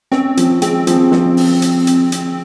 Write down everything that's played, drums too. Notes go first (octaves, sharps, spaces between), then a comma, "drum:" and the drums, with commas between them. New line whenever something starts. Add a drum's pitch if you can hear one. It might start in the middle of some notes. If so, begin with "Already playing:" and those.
C4 C#4, drum: snare
F3, drum: hi-hat
G#3 C4, drum: hi-hat
F3, drum: hi-hat
F3, drum: snare
drum: open hi-hat
drum: hi-hat
drum: hi-hat
drum: hi-hat